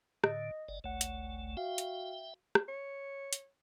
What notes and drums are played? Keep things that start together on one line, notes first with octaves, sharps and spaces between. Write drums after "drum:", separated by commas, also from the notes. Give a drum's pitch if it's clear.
A2 D3 D#5, drum: rim click
G1 D5 D#5
G1 C#2 A3 C#5 F#5
drum: hi-hat
F#4 E5 F5 G5
drum: hi-hat
drum: rim click
C#5
drum: hi-hat